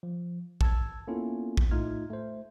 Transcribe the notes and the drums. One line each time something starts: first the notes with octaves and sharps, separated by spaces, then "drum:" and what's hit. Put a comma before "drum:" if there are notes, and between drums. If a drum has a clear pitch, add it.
F3
A5 E6 G#6, drum: kick
A#3 B3 C#4 E4 F4 A4
drum: kick
A2 A3 D#4 F4 F6 G#6
A3 C5